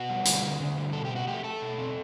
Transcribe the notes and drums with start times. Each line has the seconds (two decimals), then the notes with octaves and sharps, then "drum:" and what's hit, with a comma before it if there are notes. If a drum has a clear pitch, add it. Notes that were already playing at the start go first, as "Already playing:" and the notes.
Already playing: B3 F#4
0.09 G3
0.25 D3, drum: hi-hat
0.42 D3
0.60 D3
0.77 G3
0.93 B2 A4
1.05 G4
1.11 A3
1.16 F#4
1.27 A3 G4
1.44 A3 A4
1.62 B2
1.78 C4